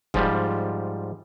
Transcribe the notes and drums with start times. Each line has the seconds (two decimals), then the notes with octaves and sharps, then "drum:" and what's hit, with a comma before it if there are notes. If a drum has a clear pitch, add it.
0.14 G#2 F3 G3, drum: kick